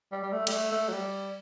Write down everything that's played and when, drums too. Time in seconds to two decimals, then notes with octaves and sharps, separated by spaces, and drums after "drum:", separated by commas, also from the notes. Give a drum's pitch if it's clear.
0.12 G3
0.23 G3
0.32 A3
0.47 G3, drum: cymbal
0.52 A3
0.72 A3
0.88 F#3
0.92 G3